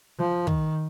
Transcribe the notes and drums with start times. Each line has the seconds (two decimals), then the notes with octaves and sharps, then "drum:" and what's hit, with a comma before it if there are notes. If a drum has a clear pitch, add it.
0.19 F3
0.47 D#3, drum: kick